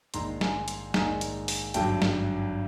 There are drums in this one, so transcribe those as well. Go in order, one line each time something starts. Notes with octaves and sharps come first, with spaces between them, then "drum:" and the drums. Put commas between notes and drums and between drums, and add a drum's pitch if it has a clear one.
A#1 G#2 D#3 G#3 A#5 C6, drum: hi-hat
G#5 A#5, drum: snare
drum: hi-hat
A#1 G#2 D#3 G#3 G#5 A#5, drum: snare
drum: hi-hat
drum: open hi-hat
G#1 G2 D3 F#3 G5 A5, drum: hi-hat
drum: snare